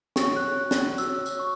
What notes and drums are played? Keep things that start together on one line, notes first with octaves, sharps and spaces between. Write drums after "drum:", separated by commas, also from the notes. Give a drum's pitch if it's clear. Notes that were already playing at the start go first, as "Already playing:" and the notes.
F#4 C#5 C#6, drum: snare
F#6
F#6
drum: snare
F#4 C#5 E6, drum: tambourine
drum: tambourine
C#6